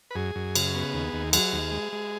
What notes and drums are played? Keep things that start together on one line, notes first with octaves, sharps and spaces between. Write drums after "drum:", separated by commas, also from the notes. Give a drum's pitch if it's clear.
B4
F#2 G#4
F#2
C#3, drum: cymbal
B3
D#2
D#2
F#3 G#4, drum: cymbal
D#2
G#3
G#3